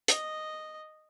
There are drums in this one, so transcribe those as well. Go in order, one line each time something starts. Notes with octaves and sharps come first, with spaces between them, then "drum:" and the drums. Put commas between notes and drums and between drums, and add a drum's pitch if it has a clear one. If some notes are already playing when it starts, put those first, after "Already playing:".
D#5, drum: hi-hat